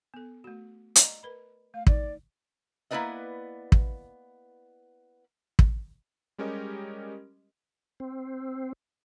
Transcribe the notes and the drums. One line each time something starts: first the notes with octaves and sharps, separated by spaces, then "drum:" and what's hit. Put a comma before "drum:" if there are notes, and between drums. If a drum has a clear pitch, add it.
B3 A4
A3 F#4
D5 D#5 A#5, drum: hi-hat
A#4 B4 B5
A3 F5
D#4 D5, drum: kick
A#3 B3 E4 B4 D5 D#5
drum: kick
drum: kick
G3 G#3 C#4 G4 A#4 D#5
C4